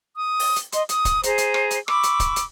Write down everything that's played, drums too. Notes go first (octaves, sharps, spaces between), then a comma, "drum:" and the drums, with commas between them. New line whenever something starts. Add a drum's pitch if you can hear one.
D#6
drum: open hi-hat
drum: hi-hat
D#5 C6, drum: hi-hat
D#6, drum: hi-hat
drum: kick D1, hi-hat
G#4 C5 A#5, drum: hi-hat
drum: hi-hat
drum: rim click
drum: hi-hat
B5 C#6 D6 E6, drum: rim click
drum: hi-hat
drum: kick D1, hi-hat
drum: hi-hat